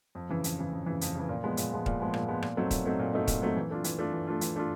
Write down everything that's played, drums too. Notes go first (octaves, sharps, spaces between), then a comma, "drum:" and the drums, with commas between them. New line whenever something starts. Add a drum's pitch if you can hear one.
F2
C#3 E3
F2, drum: hi-hat
C#3 E3
F2
C#3 E3
F2, drum: hi-hat
C#3
E3
A#2
F3 G#3 B3
A#2, drum: hi-hat
F3 G#3 B3
A#2, drum: kick
F3 G#3 B3
A#2, drum: rim click
F3 G#3 B3
A#2, drum: rim click
F#3 A3 C4 D#4
A#2, drum: kick, hi-hat
F#3 A3 C4 D#4
A#2
F#3 A3 C4 D#4
A#2, drum: kick, hi-hat
F#3 A3 C4 D#4
E3
A3 D4 F4
E3, drum: hi-hat
A3 D4 F4
E3
A3 D4 F4
E3, drum: hi-hat
A3 D4 F4